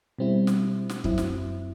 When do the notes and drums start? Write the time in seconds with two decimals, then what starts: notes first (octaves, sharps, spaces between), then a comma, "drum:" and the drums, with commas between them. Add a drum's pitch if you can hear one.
0.19 B2 G3 C4 E4
0.47 drum: snare
0.89 drum: snare
1.04 F#2 F#3 C4 E4, drum: kick
1.18 drum: snare